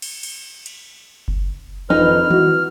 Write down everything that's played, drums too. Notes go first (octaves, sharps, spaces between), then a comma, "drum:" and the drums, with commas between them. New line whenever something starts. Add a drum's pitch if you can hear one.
drum: cymbal
drum: cymbal
drum: cymbal
drum: kick F#1
F2 D4 D#4 B4 F6, drum: tom D#3
E3 E4 F#4, drum: tom D#3